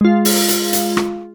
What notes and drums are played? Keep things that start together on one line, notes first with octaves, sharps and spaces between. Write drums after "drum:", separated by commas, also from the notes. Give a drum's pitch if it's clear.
G#3 F4
drum: open hi-hat
drum: hi-hat
drum: hi-hat
drum: rim click